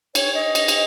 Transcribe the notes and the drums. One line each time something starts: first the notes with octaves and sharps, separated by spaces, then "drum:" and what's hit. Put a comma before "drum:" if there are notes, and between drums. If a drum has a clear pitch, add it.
C#5, drum: cymbal
D#5
drum: cymbal
drum: cymbal